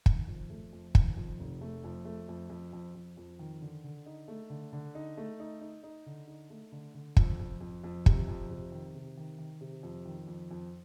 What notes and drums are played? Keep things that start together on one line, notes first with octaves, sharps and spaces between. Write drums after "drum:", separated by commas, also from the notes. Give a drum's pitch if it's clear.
D#3, drum: kick
F2
A3
F2
D#3, drum: kick
F2
F1
A3
F2
A3
F2
F2
F2
F2
F2
D#3
D3
D3
D#4
A3
D3
D3
D#4
A3
D#4
D#4
D#4
D3
D#4
A3
D3
D3
F2, drum: kick
F2
F2
F2
C3, drum: kick
F2
C3
D#3
C3
D#3
D#3
C3
F2
D#3
F2
F2